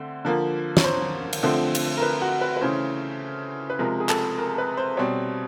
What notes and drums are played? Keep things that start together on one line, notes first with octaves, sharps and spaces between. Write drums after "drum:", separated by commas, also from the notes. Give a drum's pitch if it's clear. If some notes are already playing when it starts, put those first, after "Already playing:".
Already playing: D3 A3 C4
D3 F3 A#3
C#5, drum: snare
C5
drum: cymbal
D3 F3 A3 C4
drum: cymbal
A#4
B4
F#4
B4
B4
C#3 E3 A3 C#4 C5
B4
C3 F3 G#3 A#4
G#4
A4, drum: clap
A#4
B4
C5
B2 G3 C4 C#5